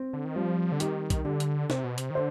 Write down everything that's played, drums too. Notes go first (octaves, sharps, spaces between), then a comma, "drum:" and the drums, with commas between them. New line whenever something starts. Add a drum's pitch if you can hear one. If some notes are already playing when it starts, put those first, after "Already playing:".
Already playing: C4
D3
D#3
F3 G3
D3
D#3 G4, drum: hi-hat
drum: kick, hi-hat
D3 G4
drum: hi-hat
C3 C5, drum: snare
B2
C3, drum: hi-hat
D#3
D3 C5